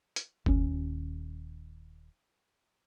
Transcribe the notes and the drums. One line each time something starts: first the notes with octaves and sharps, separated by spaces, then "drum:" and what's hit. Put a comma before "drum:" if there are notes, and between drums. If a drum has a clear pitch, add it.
drum: hi-hat
D#1 D#2 C#4, drum: kick F#1